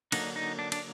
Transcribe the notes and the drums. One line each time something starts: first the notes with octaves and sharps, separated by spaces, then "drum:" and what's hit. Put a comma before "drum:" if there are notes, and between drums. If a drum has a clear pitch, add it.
D3 F#3 A#3 D4 D#4, drum: cymbal
D#4
D4
D4, drum: cymbal